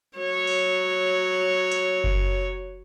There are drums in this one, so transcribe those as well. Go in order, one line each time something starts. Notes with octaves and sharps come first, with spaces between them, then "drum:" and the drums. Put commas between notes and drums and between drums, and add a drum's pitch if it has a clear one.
F#3 C#5
drum: open hi-hat
drum: hi-hat
drum: kick F#1